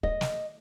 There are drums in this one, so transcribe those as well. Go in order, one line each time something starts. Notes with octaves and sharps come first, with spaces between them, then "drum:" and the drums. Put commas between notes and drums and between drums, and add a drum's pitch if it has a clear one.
D#5, drum: kick
drum: snare